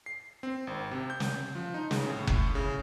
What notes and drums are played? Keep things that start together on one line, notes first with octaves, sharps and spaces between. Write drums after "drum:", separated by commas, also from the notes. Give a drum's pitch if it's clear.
C7
C4
G#1
C3
G6
drum: snare
F3
D#4
C#3, drum: snare
A2
A2, drum: kick F#1
C#3